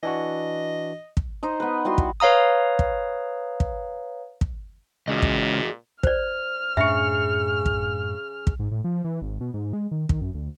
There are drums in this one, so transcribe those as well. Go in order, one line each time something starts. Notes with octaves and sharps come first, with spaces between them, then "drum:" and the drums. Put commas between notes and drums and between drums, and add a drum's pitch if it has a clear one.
E3 D4 F#4 D#5
drum: kick
D#4 C5 D#5
B3 B4
G3 E4 F#4 C6
drum: kick
B4 C#5 F5 A#5 D#6
drum: kick
drum: kick
drum: kick
C#2 A#2 F#4 G#4 D#5
drum: kick
C5 D5 F6, drum: kick
F#2 A2 C#3 D4 E5 C#6
drum: kick
drum: kick
G#2
A2
F3
E3
G#1
B2
G#2
G#3
D#3
D#3, drum: kick
F#2
D2